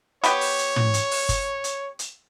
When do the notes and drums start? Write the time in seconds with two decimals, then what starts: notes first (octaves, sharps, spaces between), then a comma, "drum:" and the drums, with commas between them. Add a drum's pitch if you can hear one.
0.24 B3 G4 C#5, drum: hi-hat
0.41 drum: open hi-hat
0.59 drum: hi-hat
0.76 drum: tom
0.94 drum: hi-hat
1.11 drum: open hi-hat
1.29 drum: kick G1, hi-hat
1.64 drum: hi-hat
1.99 drum: hi-hat